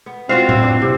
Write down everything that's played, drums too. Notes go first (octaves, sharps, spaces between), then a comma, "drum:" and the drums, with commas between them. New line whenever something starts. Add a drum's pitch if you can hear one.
B3
C4 F4 F#4 F5
E4, drum: tom A2
D4
C3